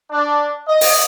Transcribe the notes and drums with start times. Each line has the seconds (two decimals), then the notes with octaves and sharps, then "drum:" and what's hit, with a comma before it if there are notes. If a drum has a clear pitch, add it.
0.10 D4
0.68 D#5
0.81 drum: open hi-hat